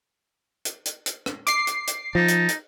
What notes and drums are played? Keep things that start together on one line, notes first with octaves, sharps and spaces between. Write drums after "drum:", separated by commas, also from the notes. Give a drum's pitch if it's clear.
drum: hi-hat
drum: hi-hat
drum: hi-hat
drum: rim click
D6 C7, drum: hi-hat
drum: hi-hat
drum: hi-hat
F3 D#4 A5
drum: hi-hat
drum: hi-hat